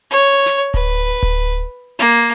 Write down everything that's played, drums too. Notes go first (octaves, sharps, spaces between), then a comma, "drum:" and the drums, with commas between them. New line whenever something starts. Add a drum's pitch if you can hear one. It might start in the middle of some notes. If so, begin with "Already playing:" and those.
C#5
drum: snare
B4, drum: kick D1
drum: kick D1
A#3, drum: snare